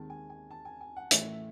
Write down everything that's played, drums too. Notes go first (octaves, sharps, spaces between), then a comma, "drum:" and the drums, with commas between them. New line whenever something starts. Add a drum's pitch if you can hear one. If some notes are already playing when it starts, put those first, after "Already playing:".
Already playing: D#2 D#3 G#3 C4 A5
G#5
G#5
A5
G#5
G#5
F#5
A1 A2 E3 A3 E5, drum: hi-hat
E5